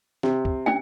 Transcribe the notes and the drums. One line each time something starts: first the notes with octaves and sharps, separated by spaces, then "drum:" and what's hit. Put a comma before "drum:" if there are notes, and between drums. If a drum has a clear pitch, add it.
C3, drum: snare
drum: kick
C#4 D4 G5